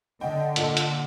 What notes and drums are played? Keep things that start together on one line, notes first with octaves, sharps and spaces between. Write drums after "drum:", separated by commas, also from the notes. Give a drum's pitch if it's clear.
D3 D#5 F#5 G5
A#2 A4, drum: hi-hat
drum: hi-hat